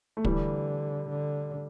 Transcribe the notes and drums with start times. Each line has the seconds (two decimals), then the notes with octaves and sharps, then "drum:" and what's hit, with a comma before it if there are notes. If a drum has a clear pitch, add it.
0.17 A3
0.24 D3 E3 G3, drum: kick
1.09 D3